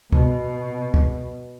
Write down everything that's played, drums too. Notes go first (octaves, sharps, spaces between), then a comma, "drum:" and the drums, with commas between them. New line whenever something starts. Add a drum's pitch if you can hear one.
B2, drum: kick
drum: kick